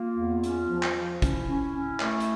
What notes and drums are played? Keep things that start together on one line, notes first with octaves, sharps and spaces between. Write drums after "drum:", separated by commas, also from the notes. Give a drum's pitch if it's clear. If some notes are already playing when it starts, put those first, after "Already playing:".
Already playing: A#3 F4
E2
C#4, drum: hi-hat
F3
drum: clap
F3
C#4 E4, drum: kick, hi-hat
C#4
C#4
A3, drum: clap
drum: hi-hat